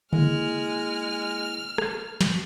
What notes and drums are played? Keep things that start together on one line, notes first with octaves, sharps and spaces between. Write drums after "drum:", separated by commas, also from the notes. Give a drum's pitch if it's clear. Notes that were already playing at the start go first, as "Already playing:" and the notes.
G#3 A#3 E4 F6, drum: tom C#3
drum: rim click
drum: snare